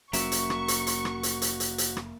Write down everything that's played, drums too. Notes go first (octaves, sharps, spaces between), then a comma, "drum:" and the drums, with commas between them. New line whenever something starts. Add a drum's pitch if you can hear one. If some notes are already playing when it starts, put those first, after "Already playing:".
F1 F#3 A#3 C#4 F#4 E5 C#6, drum: hi-hat
drum: hi-hat
drum: rim click
drum: hi-hat
drum: hi-hat
drum: rim click
drum: hi-hat
drum: hi-hat
drum: hi-hat
drum: hi-hat
drum: rim click